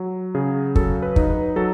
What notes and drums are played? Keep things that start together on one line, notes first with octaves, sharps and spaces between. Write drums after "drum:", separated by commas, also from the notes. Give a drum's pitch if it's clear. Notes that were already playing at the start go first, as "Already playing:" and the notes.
Already playing: F#3
C#3 G#4
F#3 A4, drum: kick
B4
D#4, drum: kick
B4
F#3 A4